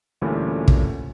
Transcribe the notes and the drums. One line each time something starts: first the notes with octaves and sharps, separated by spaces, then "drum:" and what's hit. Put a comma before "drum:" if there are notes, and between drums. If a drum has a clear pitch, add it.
D2 A#2 E3 G3 A3 C#4
drum: kick